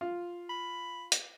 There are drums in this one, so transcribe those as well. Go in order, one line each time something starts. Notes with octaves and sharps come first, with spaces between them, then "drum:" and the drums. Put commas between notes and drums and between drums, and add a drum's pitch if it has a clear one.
F4
B5
drum: hi-hat